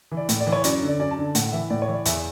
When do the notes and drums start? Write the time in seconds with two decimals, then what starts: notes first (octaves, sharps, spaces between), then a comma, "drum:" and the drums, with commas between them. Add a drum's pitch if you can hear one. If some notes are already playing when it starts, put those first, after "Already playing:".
0.11 E3
0.17 D5
0.29 A2, drum: hi-hat
0.40 D5
0.46 E3
0.52 C#5
0.64 F#2 D5, drum: hi-hat
0.82 D3
0.88 D5
0.99 F#2 D5
1.11 A5
1.17 D3
1.35 A2 F#5, drum: hi-hat
1.52 E3 E5
1.70 A2 D5
1.82 C#5
1.88 E3
1.94 D5
2.06 E2 E5, drum: hi-hat